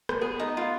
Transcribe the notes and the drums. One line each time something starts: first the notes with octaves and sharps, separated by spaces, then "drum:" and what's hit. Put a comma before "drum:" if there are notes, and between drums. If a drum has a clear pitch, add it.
drum: rim click
B3 G#4
D#4
F4